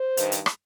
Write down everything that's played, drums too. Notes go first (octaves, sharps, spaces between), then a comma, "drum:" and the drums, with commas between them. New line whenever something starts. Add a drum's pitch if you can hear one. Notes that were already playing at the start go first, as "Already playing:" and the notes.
Already playing: C5
G2 D#3, drum: hi-hat
drum: hi-hat
drum: rim click